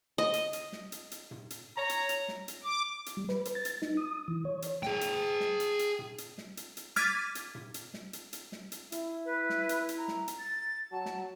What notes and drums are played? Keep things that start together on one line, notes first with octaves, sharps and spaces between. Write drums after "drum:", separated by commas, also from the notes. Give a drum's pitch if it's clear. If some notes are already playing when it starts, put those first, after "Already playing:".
D#5
drum: hi-hat
drum: hi-hat
drum: snare
drum: hi-hat
drum: hi-hat
drum: tom
drum: hi-hat
C#5 A#5
drum: hi-hat
drum: hi-hat
drum: snare
drum: hi-hat
D6
drum: hi-hat
G3
B4, drum: snare
drum: hi-hat
A6
drum: hi-hat
D#4, drum: snare
D#6
E3
C#5
drum: hi-hat
G#4 G5, drum: snare
drum: hi-hat
drum: snare
drum: hi-hat
drum: hi-hat
drum: tom
drum: hi-hat
drum: snare
drum: hi-hat
drum: hi-hat
D6 F6 G#6 A6 B6 D#7, drum: snare
drum: hi-hat
drum: tom
drum: hi-hat
drum: snare
drum: hi-hat
drum: hi-hat
drum: snare
drum: hi-hat
E4, drum: hi-hat
B4
drum: snare
drum: hi-hat
drum: hi-hat
A#5
drum: snare
drum: hi-hat
A6
F#3 F#4 A5
drum: snare